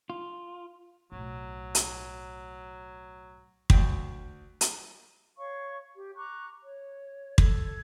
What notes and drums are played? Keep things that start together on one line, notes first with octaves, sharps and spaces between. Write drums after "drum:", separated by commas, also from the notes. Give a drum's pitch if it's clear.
F4
B1 A2 F#3
drum: hi-hat
D2 G5, drum: kick
drum: hi-hat
C#5 F5 C#6
G4
A#5 C#6 D6 F#6
C#5
A4 G#6, drum: kick